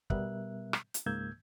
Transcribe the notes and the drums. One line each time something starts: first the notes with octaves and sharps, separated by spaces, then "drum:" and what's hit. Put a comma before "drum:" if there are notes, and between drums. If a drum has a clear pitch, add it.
B2 G3 B3 A#4 E5 F#6, drum: kick
drum: rim click
drum: hi-hat
C#2 G#2 A#3 E6 G6 G#6